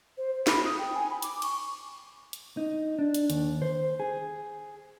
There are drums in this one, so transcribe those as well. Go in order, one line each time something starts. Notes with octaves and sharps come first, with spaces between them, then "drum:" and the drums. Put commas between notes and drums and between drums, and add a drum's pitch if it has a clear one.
C5
C5
B5, drum: snare
D#6
G5
G#5
B5
D6, drum: hi-hat
C#6, drum: cymbal
drum: hi-hat
D#4
D4
drum: hi-hat
D#2, drum: hi-hat
C5
G#4